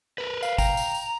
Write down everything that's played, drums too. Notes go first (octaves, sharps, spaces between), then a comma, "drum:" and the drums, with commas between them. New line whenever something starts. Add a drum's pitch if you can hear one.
A#4 B4
F5, drum: tambourine
G5 A#5, drum: kick, tambourine
drum: tambourine
drum: tambourine